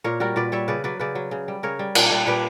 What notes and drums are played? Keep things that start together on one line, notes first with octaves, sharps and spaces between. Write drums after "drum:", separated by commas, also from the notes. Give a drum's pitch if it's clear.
A#2 A#4 C#5
G3 F#4 A#4
A#2 B4 D5
G3 C#5 E5
C#3 B4 D5
F#3 B4 D5
C#3 B4 D5
F#3
C#3
G3
C#3 A#4 C#5
G3
A#2, drum: cymbal
G3
A#2 G4 B4